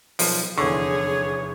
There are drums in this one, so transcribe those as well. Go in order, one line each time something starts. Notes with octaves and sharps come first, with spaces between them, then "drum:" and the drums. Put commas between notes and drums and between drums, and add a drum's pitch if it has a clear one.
B1 F3, drum: open hi-hat
F1 E2 D3 G#4 C#5 C#6